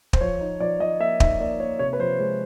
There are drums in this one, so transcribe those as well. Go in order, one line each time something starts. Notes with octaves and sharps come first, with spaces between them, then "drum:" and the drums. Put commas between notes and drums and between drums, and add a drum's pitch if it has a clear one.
C5, drum: kick
F3 C#5
D#4
F3 D5
F3 D#5
A#3 E5
D#4 E5, drum: kick
A#3 D5
A#3 C#5
C3 C#5
B4
F3 C5
G#3 C5